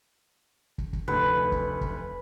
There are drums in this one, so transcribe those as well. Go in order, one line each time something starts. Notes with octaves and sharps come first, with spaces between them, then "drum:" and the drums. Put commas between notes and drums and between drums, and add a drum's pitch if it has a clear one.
drum: kick
drum: kick
F1 D2 B4
drum: kick
drum: kick